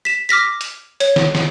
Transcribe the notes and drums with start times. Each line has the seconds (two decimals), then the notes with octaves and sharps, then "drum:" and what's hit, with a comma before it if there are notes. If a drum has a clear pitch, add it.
0.05 B6 E7
0.29 D6 F6 A#6 B6
0.61 drum: hi-hat
1.00 C#5, drum: hi-hat
1.16 drum: snare
1.35 drum: snare